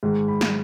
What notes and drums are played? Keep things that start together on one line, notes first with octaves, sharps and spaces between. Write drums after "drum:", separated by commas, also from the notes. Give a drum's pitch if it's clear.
G#2 D#3 G#3
B5
drum: snare